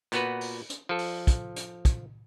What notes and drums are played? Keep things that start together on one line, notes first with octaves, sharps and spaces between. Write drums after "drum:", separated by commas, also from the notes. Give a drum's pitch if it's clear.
A#2 B3 F#4 B4, drum: hi-hat
drum: open hi-hat
drum: hi-hat
F3 A4
drum: open hi-hat
drum: kick, hi-hat
drum: hi-hat
drum: kick, hi-hat